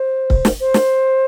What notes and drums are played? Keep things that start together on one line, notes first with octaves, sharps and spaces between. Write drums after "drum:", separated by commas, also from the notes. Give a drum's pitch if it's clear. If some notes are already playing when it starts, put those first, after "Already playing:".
Already playing: C5
drum: kick C#1
drum: snare
C5
drum: snare